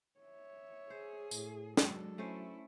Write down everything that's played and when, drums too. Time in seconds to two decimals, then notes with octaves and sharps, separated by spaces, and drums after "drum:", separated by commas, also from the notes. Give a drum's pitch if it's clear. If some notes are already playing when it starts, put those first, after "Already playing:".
0.20 C#5 E5
0.90 G#4 C5
1.31 A2, drum: tambourine
1.77 F#3 G#3 D4 A4, drum: snare
2.18 A3 C#4 E4 C5